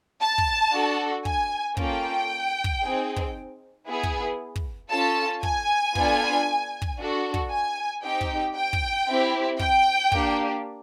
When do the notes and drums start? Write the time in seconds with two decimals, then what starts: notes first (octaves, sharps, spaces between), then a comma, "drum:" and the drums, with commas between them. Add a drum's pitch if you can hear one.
0.21 A5
0.38 drum: kick
0.72 D4 F#4 A4
1.25 G#5, drum: kick
1.77 A#3 C#4 F4 A4 G5, drum: kick
2.64 drum: kick
2.82 C4 D#4 G#4
3.16 drum: kick
3.86 B3 E4 G#4
4.03 drum: kick
4.56 drum: kick
4.90 C#4 F4 A4 A5
5.43 G#5, drum: kick
5.95 B3 D4 F4 A4, drum: kick
6.82 drum: kick
6.98 D4 F#4 A4
7.34 drum: kick
7.51 G#5
8.03 C4 D#4 G4 G5
8.21 drum: kick
8.56 G5
8.73 drum: kick
9.08 C4 E4 G4
9.59 G5, drum: kick
10.12 A#3 D4 G4, drum: kick